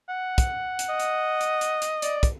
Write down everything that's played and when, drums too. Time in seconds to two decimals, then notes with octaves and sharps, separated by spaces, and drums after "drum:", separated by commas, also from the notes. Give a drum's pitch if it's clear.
0.09 F#5
0.38 drum: kick, hi-hat
0.79 drum: hi-hat
0.89 D#5
1.00 drum: hi-hat
1.41 drum: hi-hat
1.61 drum: hi-hat
1.82 drum: hi-hat
2.02 D5, drum: hi-hat
2.23 drum: kick, hi-hat